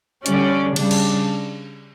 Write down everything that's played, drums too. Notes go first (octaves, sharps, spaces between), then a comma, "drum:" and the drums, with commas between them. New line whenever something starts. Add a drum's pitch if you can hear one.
D3 G3 C#4 D5, drum: hi-hat
C#3 G3 D4, drum: cymbal
drum: cymbal